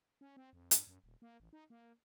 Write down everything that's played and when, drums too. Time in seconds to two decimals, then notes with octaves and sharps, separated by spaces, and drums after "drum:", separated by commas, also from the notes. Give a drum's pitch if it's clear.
0.21 C#4
0.37 C4
0.53 F2
0.71 G2, drum: hi-hat
0.87 F#2
1.04 D#1
1.22 A#3
1.40 A1
1.53 D#4
1.70 A#3